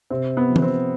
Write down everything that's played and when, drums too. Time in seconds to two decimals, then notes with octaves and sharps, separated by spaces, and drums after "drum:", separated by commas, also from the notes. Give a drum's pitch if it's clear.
0.10 C3 C4
0.37 B3
0.50 F3
0.56 B3, drum: tom E3
0.62 C4